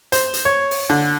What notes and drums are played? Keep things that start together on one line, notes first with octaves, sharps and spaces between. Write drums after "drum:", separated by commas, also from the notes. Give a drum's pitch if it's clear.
C5, drum: hi-hat
drum: hi-hat
C#5
drum: open hi-hat
D3